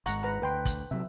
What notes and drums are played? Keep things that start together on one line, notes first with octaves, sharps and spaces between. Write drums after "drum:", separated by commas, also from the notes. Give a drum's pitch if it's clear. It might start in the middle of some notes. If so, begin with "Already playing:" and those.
G#1 G#2 F#5 A#5 C#6, drum: hi-hat
B4 F#5 A#5
D2 B4 G5 C6
drum: kick, hi-hat
C3 F#3 E5